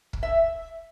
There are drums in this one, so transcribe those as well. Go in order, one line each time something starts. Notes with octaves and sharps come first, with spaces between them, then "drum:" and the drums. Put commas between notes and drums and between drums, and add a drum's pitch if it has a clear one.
drum: kick
E5